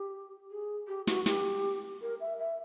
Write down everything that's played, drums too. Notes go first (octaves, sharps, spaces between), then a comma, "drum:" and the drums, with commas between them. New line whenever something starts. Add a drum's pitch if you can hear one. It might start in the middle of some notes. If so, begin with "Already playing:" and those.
Already playing: G4
G#4
G4
F#4, drum: snare
G4, drum: snare
A#4
E5
E5